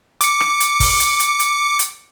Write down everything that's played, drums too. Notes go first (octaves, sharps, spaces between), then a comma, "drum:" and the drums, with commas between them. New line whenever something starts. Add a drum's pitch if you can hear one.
D6 C#7, drum: hi-hat
drum: rim click
drum: hi-hat
drum: kick, open hi-hat
drum: hi-hat
drum: hi-hat
drum: hi-hat
drum: hi-hat